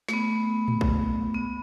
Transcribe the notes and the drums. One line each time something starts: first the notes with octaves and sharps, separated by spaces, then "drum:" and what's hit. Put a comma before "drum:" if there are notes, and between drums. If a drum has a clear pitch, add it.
A3, drum: snare
B3
drum: tom A2
drum: kick
B3